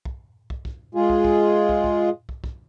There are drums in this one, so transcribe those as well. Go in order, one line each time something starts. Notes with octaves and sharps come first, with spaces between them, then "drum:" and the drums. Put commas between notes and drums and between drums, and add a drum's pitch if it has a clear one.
drum: kick
drum: kick
drum: kick
G#3 F4 G#4
drum: kick
drum: kick
drum: kick
drum: kick
drum: kick
drum: kick